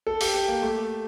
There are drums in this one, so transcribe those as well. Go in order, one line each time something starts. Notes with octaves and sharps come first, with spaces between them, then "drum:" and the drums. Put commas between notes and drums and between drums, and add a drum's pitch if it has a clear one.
A4
G4, drum: open hi-hat
G4
A#3
A3